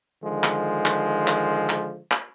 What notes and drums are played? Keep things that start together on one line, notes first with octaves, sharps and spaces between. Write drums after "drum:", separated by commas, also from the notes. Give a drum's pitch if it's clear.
D3 D#3 F3 G#3
drum: clap
drum: clap
drum: clap
drum: clap
drum: clap